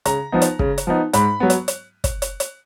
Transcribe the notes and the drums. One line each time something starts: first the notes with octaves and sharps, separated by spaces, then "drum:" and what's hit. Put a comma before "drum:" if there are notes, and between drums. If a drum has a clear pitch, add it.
C#3 A#5, drum: hi-hat
F3 B3 D#4
drum: hi-hat
C#3, drum: kick
drum: hi-hat
F3 B3 D#4
G#2 B5, drum: hi-hat
F#3 B3
drum: hi-hat
drum: hi-hat
drum: kick, hi-hat
drum: hi-hat
drum: hi-hat